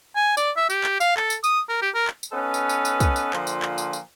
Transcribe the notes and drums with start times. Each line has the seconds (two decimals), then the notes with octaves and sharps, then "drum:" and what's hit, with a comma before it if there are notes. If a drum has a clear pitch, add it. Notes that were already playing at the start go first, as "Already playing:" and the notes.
0.16 G#5
0.37 D5, drum: tambourine
0.57 E5
0.70 G4, drum: tambourine
0.84 drum: clap
1.00 F5, drum: tambourine
1.17 A4, drum: clap
1.30 drum: tambourine
1.44 D#6, drum: tambourine
1.69 A#4
1.82 G4
1.95 A#4
2.07 drum: clap
2.23 drum: tambourine
2.32 B3 C#4 D#4 A4 B4
2.54 drum: tambourine
2.69 drum: tambourine
2.85 drum: tambourine
3.00 drum: kick, tambourine
3.16 drum: tambourine
3.33 A#2 D3 F3, drum: clap
3.47 drum: tambourine
3.62 drum: clap
3.78 drum: tambourine
3.93 drum: tambourine